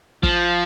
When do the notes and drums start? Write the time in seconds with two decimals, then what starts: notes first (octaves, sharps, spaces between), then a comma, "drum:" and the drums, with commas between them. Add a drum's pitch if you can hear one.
0.23 F3, drum: kick